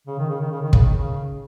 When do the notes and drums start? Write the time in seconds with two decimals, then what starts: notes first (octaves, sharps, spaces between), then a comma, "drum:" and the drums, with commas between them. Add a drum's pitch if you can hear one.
0.07 C#3
0.19 D#3
0.29 C#3
0.41 D#3
0.51 C#3
0.62 D#3
0.73 C#3, drum: kick
0.83 D#3
0.94 C#3